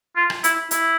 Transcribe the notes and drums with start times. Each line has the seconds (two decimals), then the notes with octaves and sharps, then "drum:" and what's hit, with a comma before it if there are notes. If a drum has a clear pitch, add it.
0.16 F4
0.30 drum: rim click
0.44 E4, drum: hi-hat
0.71 E4, drum: hi-hat